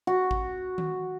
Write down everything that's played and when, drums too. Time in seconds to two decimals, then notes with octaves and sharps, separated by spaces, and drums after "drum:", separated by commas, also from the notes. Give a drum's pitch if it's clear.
0.07 F#4
0.31 drum: kick
0.78 drum: tom D#3